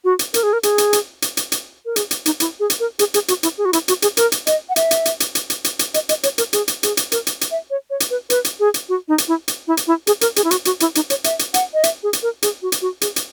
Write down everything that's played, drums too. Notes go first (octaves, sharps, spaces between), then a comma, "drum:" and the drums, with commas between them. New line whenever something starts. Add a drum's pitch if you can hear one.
F#4
drum: hi-hat
A#4, drum: hi-hat
G#4
A#4
G#4, drum: hi-hat
drum: hi-hat
drum: hi-hat
drum: hi-hat
drum: hi-hat
drum: hi-hat
A#4
G#4, drum: hi-hat
drum: hi-hat
D#4, drum: hi-hat
E4, drum: hi-hat
G#4
drum: hi-hat
A#4
G#4, drum: hi-hat
G#4, drum: hi-hat
F#4, drum: hi-hat
E4, drum: hi-hat
G#4
F#4
E4, drum: hi-hat
F#4, drum: hi-hat
G#4, drum: hi-hat
A#4, drum: hi-hat
drum: hi-hat
D#5, drum: hi-hat
F#5
E5, drum: hi-hat
drum: hi-hat
drum: hi-hat
drum: hi-hat
drum: hi-hat
drum: hi-hat
drum: hi-hat
drum: hi-hat
D#5, drum: hi-hat
D#5, drum: hi-hat
C#5, drum: hi-hat
A#4, drum: hi-hat
G#4, drum: hi-hat
drum: hi-hat
G#4, drum: hi-hat
drum: hi-hat
A#4, drum: hi-hat
drum: hi-hat
drum: hi-hat
E5
C#5
C#5
drum: hi-hat
B4
B4, drum: hi-hat
drum: hi-hat
G#4
drum: hi-hat
F#4
D#4
drum: hi-hat
E4
drum: hi-hat
E4
drum: hi-hat
E4
G#4, drum: hi-hat
A#4, drum: hi-hat
G#4, drum: hi-hat
E4
F#4, drum: hi-hat
F#4, drum: hi-hat
E4, drum: hi-hat
D#4, drum: hi-hat
C#5, drum: hi-hat
E5, drum: hi-hat
drum: hi-hat
F#5, drum: hi-hat
D#5
E5, drum: hi-hat
G#4
drum: hi-hat
A#4
G#4, drum: hi-hat
F#4
drum: hi-hat
F#4
G#4, drum: hi-hat
drum: hi-hat